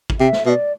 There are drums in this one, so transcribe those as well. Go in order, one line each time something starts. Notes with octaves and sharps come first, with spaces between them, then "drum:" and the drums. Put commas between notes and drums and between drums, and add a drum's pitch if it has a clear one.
drum: kick
C3 E5
drum: snare
B2 E5
D5